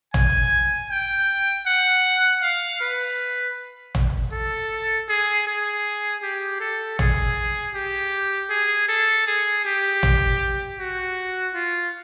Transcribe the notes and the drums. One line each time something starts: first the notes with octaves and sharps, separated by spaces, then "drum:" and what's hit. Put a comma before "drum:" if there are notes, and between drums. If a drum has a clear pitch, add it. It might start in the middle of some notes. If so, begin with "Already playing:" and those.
G#5, drum: tom
G5
F#5
F5
B4
drum: tom
A4
G#4
G#4
G4
A4
G#4, drum: tom
G4
G#4
A4
G#4
G4
drum: tom
F#4
F4